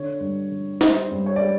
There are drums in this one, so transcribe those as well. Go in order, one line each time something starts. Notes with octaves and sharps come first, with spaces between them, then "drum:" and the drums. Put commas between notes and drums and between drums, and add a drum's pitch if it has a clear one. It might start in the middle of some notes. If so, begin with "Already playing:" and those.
Already playing: D3 C#5
G2
D3
G3 C5, drum: snare
G2
C#5
G3 D5